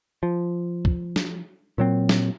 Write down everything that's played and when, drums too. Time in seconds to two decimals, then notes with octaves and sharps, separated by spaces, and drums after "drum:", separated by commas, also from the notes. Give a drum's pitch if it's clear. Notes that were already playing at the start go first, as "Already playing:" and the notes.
0.23 F3
0.85 drum: kick
1.16 drum: snare
1.78 A#2 F#3 C4
2.09 drum: snare